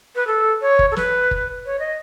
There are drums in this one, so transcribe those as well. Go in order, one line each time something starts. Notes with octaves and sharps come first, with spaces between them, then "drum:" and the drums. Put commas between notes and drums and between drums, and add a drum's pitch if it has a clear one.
B4
A4
C#5
drum: kick
A4
B4, drum: snare
drum: kick
C#5
D#5